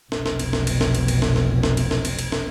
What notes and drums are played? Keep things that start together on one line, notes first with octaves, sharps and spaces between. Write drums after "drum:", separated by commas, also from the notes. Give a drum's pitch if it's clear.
F1 B1, drum: snare
drum: snare
drum: cymbal
drum: snare
drum: cymbal
drum: snare
drum: cymbal
drum: cymbal
drum: snare
drum: snare
drum: snare
drum: cymbal
drum: snare
drum: cymbal
drum: cymbal
drum: snare